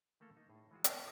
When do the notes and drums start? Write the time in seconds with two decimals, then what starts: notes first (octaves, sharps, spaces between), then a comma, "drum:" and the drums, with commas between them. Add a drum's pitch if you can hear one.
0.20 E3 A3 A#3 A4 F5
0.37 D#4
0.50 A2 G#4
0.71 E3 G#3 F4 F#4
0.84 A#3 B3 F4, drum: hi-hat